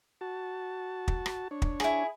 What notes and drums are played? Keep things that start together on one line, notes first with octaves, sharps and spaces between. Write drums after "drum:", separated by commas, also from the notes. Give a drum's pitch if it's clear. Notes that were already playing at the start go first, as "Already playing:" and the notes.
F#4 A5
drum: kick
drum: rim click
D4 C#5
drum: kick
E4 G#4, drum: rim click